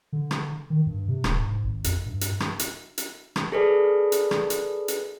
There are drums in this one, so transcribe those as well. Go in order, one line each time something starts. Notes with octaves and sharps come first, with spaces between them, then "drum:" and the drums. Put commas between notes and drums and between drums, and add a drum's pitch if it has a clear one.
D3
drum: rim click
D#3
G2
C3
D1, drum: rim click
G#2
G#1
F2, drum: hi-hat
G2
drum: hi-hat
drum: rim click
drum: hi-hat
drum: hi-hat
drum: rim click
G#4 A4 B4 D5
drum: hi-hat
drum: rim click
drum: hi-hat
drum: hi-hat